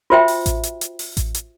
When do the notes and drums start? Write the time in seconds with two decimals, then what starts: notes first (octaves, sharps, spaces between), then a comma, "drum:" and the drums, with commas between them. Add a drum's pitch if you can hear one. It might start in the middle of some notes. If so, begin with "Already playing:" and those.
0.10 F4 F#4 C5 E5 G5
0.28 drum: open hi-hat
0.46 drum: kick A1, hi-hat
0.63 drum: hi-hat
0.81 drum: hi-hat
0.99 drum: open hi-hat
1.17 drum: kick A1, hi-hat
1.34 drum: hi-hat